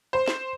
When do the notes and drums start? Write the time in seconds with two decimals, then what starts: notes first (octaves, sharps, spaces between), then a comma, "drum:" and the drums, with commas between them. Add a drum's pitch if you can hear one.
0.13 C5
0.28 drum: snare